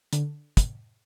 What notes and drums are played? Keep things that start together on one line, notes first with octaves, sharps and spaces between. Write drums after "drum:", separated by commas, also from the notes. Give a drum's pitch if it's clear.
D3, drum: hi-hat
drum: kick, hi-hat